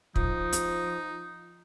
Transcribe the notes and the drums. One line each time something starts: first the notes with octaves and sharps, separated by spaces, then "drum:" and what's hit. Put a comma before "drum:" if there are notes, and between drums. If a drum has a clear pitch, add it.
F3 D#4, drum: kick
drum: hi-hat